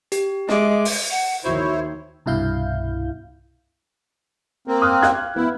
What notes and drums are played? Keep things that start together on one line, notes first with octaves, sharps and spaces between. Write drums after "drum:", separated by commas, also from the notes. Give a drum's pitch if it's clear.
G4, drum: hi-hat
G#3 D#5 E5 D6, drum: snare
drum: open hi-hat
F#5
D#2 D#3 E4 F#4 C5 C#5
C2 G2 B2 E4 F5 G6
A#3 C4
D#6 F6 F#6
F5 F#6 G#6, drum: snare
B3 E4